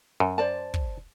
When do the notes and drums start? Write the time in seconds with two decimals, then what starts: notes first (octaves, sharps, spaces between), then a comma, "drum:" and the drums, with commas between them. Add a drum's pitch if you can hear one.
0.20 F#2
0.38 C5 D5 A5
0.74 drum: kick